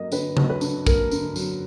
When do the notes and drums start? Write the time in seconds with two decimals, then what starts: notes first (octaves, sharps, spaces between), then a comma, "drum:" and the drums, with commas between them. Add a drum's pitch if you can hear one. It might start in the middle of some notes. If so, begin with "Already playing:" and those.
Already playing: F#3 A#3 D#5
0.12 D3 B4, drum: tambourine
0.37 F#3, drum: tom C#3
0.50 B4
0.61 D4, drum: tambourine
0.87 A#3 A#4, drum: kick, tambourine
1.11 D3, drum: tambourine
1.36 F#3, drum: tambourine